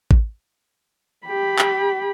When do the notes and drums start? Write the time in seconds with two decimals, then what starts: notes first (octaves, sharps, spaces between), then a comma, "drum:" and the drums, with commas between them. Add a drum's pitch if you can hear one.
0.11 drum: kick A1
1.27 G4 B5
1.59 drum: clap